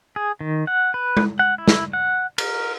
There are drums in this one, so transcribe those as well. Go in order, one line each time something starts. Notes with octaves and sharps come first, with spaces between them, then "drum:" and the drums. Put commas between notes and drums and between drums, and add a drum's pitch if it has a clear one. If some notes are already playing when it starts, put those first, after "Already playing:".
G#4
D#3
F#5
B4
drum: tom G#3
F#5
E4
drum: snare
F#5
A#4, drum: cymbal